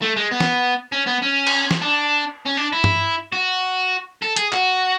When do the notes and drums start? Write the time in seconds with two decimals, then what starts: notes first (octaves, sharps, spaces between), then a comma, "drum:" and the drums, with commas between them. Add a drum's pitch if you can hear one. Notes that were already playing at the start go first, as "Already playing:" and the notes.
0.02 A3
0.16 G#3
0.31 B3
0.40 drum: snare
0.92 C#4
1.06 B3
1.22 C#4
1.47 drum: cymbal
1.71 drum: snare
1.81 D4
2.46 C#4
2.57 D4
2.72 E4
2.84 drum: tom G2
3.32 F#4
4.22 A4
4.36 G#4, drum: hi-hat
4.53 F#4, drum: clap